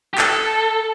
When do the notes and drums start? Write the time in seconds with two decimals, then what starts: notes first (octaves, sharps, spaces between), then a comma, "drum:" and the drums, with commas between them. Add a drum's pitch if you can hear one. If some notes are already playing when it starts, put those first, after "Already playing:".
0.14 G4
0.18 A4, drum: clap